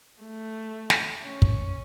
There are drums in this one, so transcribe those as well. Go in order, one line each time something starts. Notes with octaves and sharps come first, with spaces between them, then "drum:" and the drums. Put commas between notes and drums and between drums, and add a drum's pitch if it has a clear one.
A3
drum: snare
C#4
drum: kick